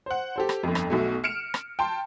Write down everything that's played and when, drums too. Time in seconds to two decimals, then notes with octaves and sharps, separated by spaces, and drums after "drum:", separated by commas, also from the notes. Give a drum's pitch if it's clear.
0.06 C5 F#5
0.36 G4 A4 C5
0.49 drum: rim click
0.63 G1 F2
0.75 drum: rim click
0.90 B1 B2 A3
1.24 F6 C#7 D7 E7
1.54 drum: rim click
1.79 G5 A5 C6